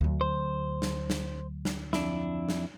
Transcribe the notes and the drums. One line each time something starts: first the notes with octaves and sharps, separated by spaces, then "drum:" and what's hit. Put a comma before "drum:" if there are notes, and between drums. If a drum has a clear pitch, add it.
D2 F#3
C5
drum: snare
drum: snare
drum: snare
F2 D4 E4, drum: snare
drum: snare